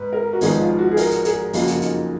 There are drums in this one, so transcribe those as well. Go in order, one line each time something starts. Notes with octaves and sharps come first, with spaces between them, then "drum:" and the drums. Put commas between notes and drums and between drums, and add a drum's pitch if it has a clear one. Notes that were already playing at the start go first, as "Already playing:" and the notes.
Already playing: G#2 B4
A#4
F#4
G#1 G#2 F3 B3 D#4 G#4, drum: open hi-hat
F4
F#4
G#4
A#4, drum: open hi-hat
drum: hi-hat
G#4, drum: hi-hat
F#1 F2 C#3 F#3 A#3 F4, drum: open hi-hat
F#4
F4, drum: hi-hat
D#4, drum: hi-hat